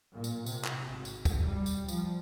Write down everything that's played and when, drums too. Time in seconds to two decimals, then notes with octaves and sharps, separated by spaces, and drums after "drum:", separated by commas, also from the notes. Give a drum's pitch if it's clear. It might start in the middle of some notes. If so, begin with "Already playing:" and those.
0.14 A#2
0.24 drum: tambourine
0.46 C3, drum: tambourine
0.65 drum: clap
0.85 G#1
1.05 drum: tambourine
1.25 drum: kick, tambourine
1.41 G3
1.66 drum: tambourine
1.89 F3, drum: tambourine